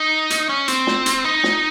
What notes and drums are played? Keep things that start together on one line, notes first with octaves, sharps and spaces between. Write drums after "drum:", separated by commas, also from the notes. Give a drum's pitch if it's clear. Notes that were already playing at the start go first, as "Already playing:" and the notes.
Already playing: D#4
drum: hi-hat
C#4
C4, drum: hi-hat
drum: snare
drum: hi-hat
D#4
drum: snare